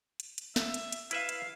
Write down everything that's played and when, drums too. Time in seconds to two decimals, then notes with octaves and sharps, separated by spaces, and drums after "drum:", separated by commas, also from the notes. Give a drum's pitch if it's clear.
0.20 drum: hi-hat
0.38 drum: hi-hat
0.56 E5, drum: snare
0.74 drum: hi-hat
0.92 drum: hi-hat
1.11 E4 B4 E5 F5, drum: hi-hat
1.29 drum: hi-hat